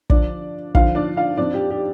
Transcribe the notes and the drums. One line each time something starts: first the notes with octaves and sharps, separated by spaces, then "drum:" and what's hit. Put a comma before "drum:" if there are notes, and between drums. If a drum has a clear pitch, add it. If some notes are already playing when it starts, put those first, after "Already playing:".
G2 D3 F3 D4 D5, drum: kick
G2 D3 F3 F4 F5, drum: kick
D4 D5
F4 F5
F2 F3 D4 D5
G4
G4